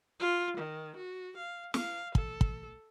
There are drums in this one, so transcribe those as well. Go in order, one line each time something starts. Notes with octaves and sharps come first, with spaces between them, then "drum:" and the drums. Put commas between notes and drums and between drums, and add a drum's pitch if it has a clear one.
F4
D#3
F#4
F5
F5, drum: snare
A4, drum: kick
drum: kick